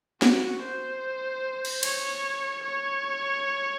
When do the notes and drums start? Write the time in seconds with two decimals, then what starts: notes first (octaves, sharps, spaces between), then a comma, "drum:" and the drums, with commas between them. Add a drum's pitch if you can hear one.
0.22 F#4, drum: snare
0.63 C5
1.65 drum: cymbal
1.83 C#5, drum: cymbal
2.64 C#5